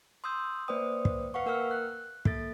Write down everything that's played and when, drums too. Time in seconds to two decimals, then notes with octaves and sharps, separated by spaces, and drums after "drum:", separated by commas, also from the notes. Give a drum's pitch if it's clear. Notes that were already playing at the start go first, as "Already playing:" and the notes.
0.24 C6 D#6 E6 G6
0.68 A#3 B4 C5 D5 G5 D#6
1.05 drum: kick
1.34 B4 F5 F#5 C#6
1.46 A#3 A#4 G5 E6 F6
1.71 F#6
2.25 A#3 A4 A6, drum: kick